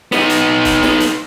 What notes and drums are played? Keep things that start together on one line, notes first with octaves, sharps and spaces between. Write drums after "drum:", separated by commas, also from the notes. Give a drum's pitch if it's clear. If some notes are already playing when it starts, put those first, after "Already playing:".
B3 D#4, drum: snare
drum: hi-hat
drum: kick, hi-hat
drum: snare
drum: hi-hat